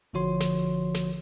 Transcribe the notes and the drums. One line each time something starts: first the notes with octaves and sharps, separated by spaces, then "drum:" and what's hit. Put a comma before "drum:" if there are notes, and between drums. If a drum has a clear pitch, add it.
A#1 D3 F3 F#4 C#5 C6
drum: snare
drum: snare